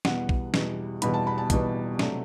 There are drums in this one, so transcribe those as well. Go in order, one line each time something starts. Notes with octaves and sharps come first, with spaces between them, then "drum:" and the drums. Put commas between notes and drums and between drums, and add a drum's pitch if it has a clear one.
E2 B2 G3 B3 F#5, drum: snare
drum: kick
E2 B2 G3 B3, drum: snare
E2 B2 G3 B3 B5, drum: hi-hat
A5
B5
A5
E2 B2 G3 B3, drum: kick, hi-hat
C3 F#3 A3 D4, drum: snare